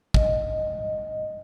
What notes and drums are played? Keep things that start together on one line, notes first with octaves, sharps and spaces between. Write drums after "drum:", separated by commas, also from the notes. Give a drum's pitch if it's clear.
D#5, drum: kick